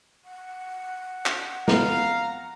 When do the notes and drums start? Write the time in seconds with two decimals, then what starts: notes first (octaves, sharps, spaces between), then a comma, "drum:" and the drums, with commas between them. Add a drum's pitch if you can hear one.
0.25 F#5
1.26 drum: clap
1.68 F2 B3 C#4 F5 A#5, drum: snare